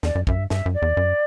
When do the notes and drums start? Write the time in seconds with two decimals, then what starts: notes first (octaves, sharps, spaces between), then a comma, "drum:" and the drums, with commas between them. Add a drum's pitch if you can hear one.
0.03 E2 D5, drum: snare
0.15 F#2
0.27 F#2 E5, drum: kick
0.38 G2
0.50 G2 E5, drum: snare
0.66 F#2
0.74 D5
0.82 E2
0.97 F#2